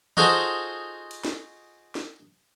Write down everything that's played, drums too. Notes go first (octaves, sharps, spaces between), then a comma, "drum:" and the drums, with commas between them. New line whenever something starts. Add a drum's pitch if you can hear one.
D#4 F4 F#4 G#4 A4 C5, drum: tom D#3
drum: cymbal
drum: snare
drum: snare